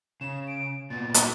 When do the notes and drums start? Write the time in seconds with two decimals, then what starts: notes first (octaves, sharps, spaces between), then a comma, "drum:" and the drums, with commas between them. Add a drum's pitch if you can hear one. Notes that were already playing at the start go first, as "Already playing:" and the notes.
0.21 C#3 E7
0.48 D7
0.90 A#2 B3 A6
1.14 drum: hi-hat